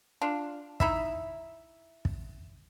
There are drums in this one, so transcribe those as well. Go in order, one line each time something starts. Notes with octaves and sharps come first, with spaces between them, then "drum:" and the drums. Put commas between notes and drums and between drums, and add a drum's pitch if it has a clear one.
D4 F4
D#4 E4 E5, drum: kick
drum: kick